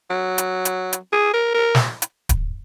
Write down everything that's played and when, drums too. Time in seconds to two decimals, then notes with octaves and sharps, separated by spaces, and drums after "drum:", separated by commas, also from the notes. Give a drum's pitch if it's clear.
0.10 F#3
0.38 drum: hi-hat
0.65 drum: hi-hat
0.93 drum: hi-hat
1.12 G#4
1.33 A#4
1.54 A#4
1.75 drum: snare
2.02 drum: hi-hat
2.29 drum: kick D1, hi-hat